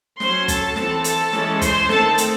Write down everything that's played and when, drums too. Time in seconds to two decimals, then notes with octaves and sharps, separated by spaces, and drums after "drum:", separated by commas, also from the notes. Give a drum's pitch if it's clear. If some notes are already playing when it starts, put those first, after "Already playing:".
0.20 F#3 C#4 C5 C6, drum: snare
0.48 A4 A5, drum: kick, hi-hat
0.76 E3 C4 A4 A5, drum: snare
1.04 A4 A5, drum: hi-hat
1.33 E3 G#3 C#4, drum: snare
1.61 C5 C6, drum: kick, hi-hat
1.89 D#3 A3 C4 A4 A5, drum: snare
2.18 drum: hi-hat